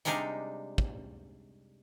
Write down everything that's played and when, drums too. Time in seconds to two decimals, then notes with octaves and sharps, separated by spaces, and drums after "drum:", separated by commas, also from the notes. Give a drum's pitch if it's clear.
0.05 C3 G3 G#3 D4 D#4 F5, drum: hi-hat
0.78 drum: kick